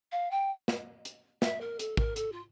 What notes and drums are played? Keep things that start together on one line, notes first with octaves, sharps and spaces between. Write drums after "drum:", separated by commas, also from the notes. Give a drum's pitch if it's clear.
F5
G5
drum: snare
drum: hi-hat
E5, drum: snare
A#4
A4, drum: hi-hat
A#4, drum: kick
A4, drum: hi-hat
F4